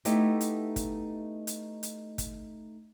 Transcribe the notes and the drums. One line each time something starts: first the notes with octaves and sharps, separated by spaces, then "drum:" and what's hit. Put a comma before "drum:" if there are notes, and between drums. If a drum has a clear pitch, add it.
A3 B3 D#4 E4 G4, drum: hi-hat
drum: hi-hat
drum: kick, hi-hat
drum: hi-hat
drum: hi-hat
drum: kick, hi-hat